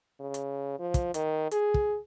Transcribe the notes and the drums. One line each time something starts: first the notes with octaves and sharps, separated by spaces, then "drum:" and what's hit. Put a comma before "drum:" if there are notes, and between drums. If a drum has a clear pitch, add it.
C#3
drum: hi-hat
F3
drum: kick, hi-hat
D#3, drum: hi-hat
G#4, drum: hi-hat
drum: kick